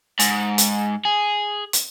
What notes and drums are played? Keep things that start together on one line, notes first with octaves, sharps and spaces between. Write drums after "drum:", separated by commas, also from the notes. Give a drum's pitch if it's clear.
G#2, drum: hi-hat
drum: hi-hat
G#4
drum: hi-hat